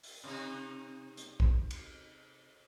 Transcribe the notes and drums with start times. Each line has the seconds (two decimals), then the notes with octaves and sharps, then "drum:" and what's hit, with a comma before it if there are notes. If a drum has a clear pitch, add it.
0.03 drum: open hi-hat
0.24 C3 D#4
1.17 drum: hi-hat
1.40 drum: kick
1.71 drum: cymbal